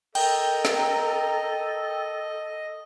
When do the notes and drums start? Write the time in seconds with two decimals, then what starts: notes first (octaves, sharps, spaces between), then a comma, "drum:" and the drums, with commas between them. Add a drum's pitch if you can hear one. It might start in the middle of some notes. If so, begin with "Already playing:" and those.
0.15 A4 A#4 D#5 G5, drum: cymbal
0.65 drum: snare